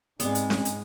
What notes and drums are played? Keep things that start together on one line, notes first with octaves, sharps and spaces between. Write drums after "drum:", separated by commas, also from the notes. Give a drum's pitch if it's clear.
G#2 C3 G#3 B3 C4 D4, drum: hi-hat
drum: hi-hat
drum: snare C#4
drum: hi-hat